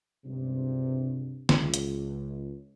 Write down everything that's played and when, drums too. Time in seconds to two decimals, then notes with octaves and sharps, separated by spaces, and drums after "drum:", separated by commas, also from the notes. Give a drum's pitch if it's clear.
0.25 C#2 G2 C3
1.49 C#2, drum: snare
1.74 drum: hi-hat